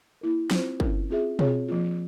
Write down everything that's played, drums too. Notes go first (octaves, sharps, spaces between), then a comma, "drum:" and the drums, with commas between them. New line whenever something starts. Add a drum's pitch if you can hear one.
A#3 E4 A#4
C4 F4 C5, drum: snare
C#4 E4 A#4, drum: kick
C4 F4 G#4 E5
C4 F4 G#4 C#5, drum: tom B2
F3 A#3 F4